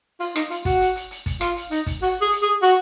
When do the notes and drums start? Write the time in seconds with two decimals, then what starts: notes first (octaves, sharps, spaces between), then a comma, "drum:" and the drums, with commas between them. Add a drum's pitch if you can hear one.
0.20 F4, drum: open hi-hat
0.36 D#4, drum: rim click
0.50 F4, drum: hi-hat
0.65 F#4, drum: kick, hi-hat
0.81 drum: hi-hat
0.96 drum: hi-hat
1.11 drum: hi-hat
1.26 drum: kick, hi-hat
1.41 F4, drum: rim click
1.56 drum: hi-hat
1.71 D#4, drum: hi-hat
1.86 drum: kick, hi-hat
2.02 F#4, drum: open hi-hat
2.21 G#4
2.32 drum: hi-hat
2.42 G#4
2.62 F#4, drum: hi-hat